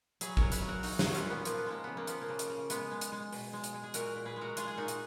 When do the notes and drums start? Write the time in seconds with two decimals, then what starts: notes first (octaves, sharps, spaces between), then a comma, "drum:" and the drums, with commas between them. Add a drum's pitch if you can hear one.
0.21 F#3 G#4 B4, drum: hi-hat
0.37 F#3 A#4 C#5, drum: kick
0.52 G#4 B4, drum: hi-hat
0.62 F#3
0.68 F#4 A#4
0.83 F#3 D#4 F#4, drum: open hi-hat
0.99 D#4 F#4, drum: snare
1.05 F#3
1.15 C#4 F4, drum: hi-hat
1.24 A#2
1.30 B3
1.45 F3 A#3, drum: hi-hat
1.58 B3
1.66 G#3 A#3
1.84 C#3 B3
1.97 A#3
2.07 F3 B3, drum: hi-hat
2.22 A#3
2.29 C#3
2.39 drum: hi-hat
2.50 C#3
2.70 G#3 B3, drum: hi-hat
2.91 G#3
3.01 drum: hi-hat
3.12 G#3
3.32 B2, drum: open hi-hat
3.53 G#3
3.64 drum: hi-hat
3.74 G#3
3.83 G#4
3.94 A#2 F#4 A#4, drum: hi-hat
4.16 A#2
4.25 G#4 B4
4.36 G#3
4.41 F#4 A#4
4.57 G#3 F4 G#4, drum: hi-hat
4.68 G#4
4.77 A#2 D#4 F#4
4.88 drum: hi-hat